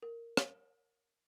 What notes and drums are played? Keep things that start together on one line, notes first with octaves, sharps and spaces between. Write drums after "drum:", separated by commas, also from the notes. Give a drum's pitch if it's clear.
A#4
drum: rim click